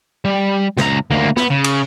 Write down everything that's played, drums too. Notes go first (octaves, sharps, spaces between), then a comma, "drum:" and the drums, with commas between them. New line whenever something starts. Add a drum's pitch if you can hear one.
G3
C#2 A#5, drum: snare
D2 A#3
B3, drum: snare
C#3
drum: cymbal